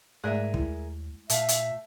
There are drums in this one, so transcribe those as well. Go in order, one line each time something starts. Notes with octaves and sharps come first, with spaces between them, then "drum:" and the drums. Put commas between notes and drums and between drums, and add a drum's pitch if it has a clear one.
G#2 G#3 A3 G#4 A#4 D5 E5
D#2 E4, drum: kick
A#2 A3 E5 F5, drum: hi-hat
drum: hi-hat